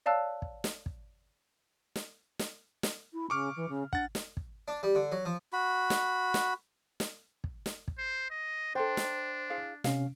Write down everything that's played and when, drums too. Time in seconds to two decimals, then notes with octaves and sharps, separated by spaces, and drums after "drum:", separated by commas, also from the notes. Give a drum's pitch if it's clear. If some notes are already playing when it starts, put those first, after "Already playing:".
0.06 C#5 D5 F5 A5 E6 F#6
0.42 drum: kick
0.64 drum: snare
0.86 drum: kick
1.96 drum: snare
2.39 drum: snare
2.83 drum: snare
3.13 E4
3.30 C#3 C#6 D6 F6
3.56 E3
3.68 C#3
3.93 D4 F#5 A6, drum: kick
4.15 drum: snare
4.37 drum: kick
4.68 D4
4.83 G3
4.95 D3
5.12 F#3
5.25 F3
5.53 F#4 B5
5.90 drum: snare
6.34 drum: snare
7.00 drum: snare
7.44 drum: kick
7.66 drum: snare
7.88 drum: kick
7.98 C5
8.30 D#5
8.75 D4 A4 C5 E5 G5 C6
8.97 drum: snare
9.50 E4 G#4 F5
9.84 C3 C#4 F5, drum: snare